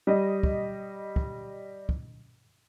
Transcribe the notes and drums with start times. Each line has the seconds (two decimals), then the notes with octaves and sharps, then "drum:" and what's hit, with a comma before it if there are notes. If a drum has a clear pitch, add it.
0.07 G3 D#5
0.43 drum: kick
1.16 drum: kick
1.89 drum: kick